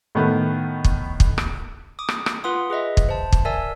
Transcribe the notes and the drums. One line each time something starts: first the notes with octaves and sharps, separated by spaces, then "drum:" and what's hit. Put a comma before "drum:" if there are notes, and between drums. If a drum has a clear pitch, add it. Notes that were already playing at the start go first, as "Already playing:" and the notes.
A2 D#3 A3 B3
drum: kick
drum: kick
drum: rim click
D6 D#6
drum: rim click
drum: rim click
F4 B4 F#5 C6 D#6
G#4 B4 D#5 E5
drum: kick
C5 A5
drum: kick
A#4 D5 E5 G#5 E6